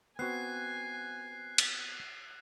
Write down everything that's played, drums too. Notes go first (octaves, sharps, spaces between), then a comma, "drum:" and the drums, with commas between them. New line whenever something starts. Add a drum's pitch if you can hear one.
B3 C4 F#4 G#5 F#6 C7
drum: cymbal